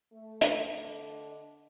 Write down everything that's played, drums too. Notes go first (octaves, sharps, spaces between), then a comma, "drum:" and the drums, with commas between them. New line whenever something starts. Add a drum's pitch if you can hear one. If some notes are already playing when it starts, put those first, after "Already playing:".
A3
drum: hi-hat
D3 D4 A4 D#5